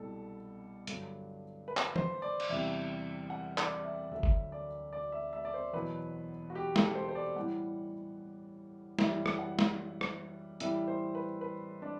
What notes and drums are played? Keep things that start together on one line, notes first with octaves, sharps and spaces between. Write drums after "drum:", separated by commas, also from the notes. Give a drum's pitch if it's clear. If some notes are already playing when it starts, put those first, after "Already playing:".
Already playing: C2 B2 G3 A4
G2 D3 F#3, drum: hi-hat
B4
drum: clap
C5, drum: tom
D5
drum: cymbal
E2 C3 G3 E5
F#5
D5, drum: clap
E5
D2 D3 F#3 E5
drum: kick G1
D5
D5
E5
E5
D5
C5
E2 B2 F#3 B4
F#4
G4
A4, drum: snare
C5
C5
D5
A2 E3 G3 F#5
F#2 E3 G3 E5, drum: snare
drum: rim click
F#5
drum: snare
drum: rim click
A2 E3 G3 E5, drum: hi-hat
C5
B4
B4
D4